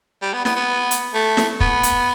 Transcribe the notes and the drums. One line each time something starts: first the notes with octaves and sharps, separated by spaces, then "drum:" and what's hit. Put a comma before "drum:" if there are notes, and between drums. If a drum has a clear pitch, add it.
G3
B3
B3, drum: snare
B3
drum: hi-hat
A3
drum: snare
B3, drum: kick
drum: hi-hat